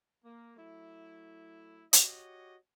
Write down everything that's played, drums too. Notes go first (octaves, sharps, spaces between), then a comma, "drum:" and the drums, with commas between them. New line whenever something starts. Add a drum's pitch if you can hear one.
A#3
F#3 A3 E4
F#4 G4 C#5 D#5, drum: hi-hat